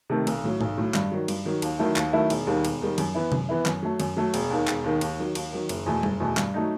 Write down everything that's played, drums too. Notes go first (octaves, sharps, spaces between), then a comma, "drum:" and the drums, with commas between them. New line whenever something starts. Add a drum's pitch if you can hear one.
C3 D#3 A3
B1, drum: cymbal
A2 F#3
B1, drum: tom G#2
A2 F#3
G2, drum: clap
D#3 F#3
G2, drum: cymbal
D#3 F#3
D#2, drum: cymbal
D#3 F#3 A3 E4
D#2, drum: clap
D#3 F#3 A3 E4
E1, drum: cymbal
D#2 D#3 G3
E1, drum: cymbal
D#2 D#3 G3
F#2, drum: cymbal
E3 B3 E4
F#2, drum: tom C3
E3 B3 E4
F#2, drum: clap
F#3 A3
F#2, drum: cymbal
F#3 A3
E1, drum: cymbal
D#2 D#3
E1, drum: clap
D#2 D#3
D#2, drum: cymbal
D#3 F#3
D#2, drum: cymbal
D#3 F#3
F#1, drum: cymbal
E2 B2 A3
F#1, drum: tom G3
E2 B2 A3
G2, drum: clap
F#3 A3 D#4